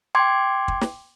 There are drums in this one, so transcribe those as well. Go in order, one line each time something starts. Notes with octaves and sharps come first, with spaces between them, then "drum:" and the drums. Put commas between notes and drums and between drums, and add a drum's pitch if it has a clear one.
G5 C6 D6 G#6
drum: kick
drum: snare